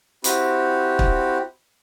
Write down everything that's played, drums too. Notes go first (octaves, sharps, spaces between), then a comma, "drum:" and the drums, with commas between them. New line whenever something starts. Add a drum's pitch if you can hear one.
C4 E4 F#4 G4, drum: hi-hat
drum: kick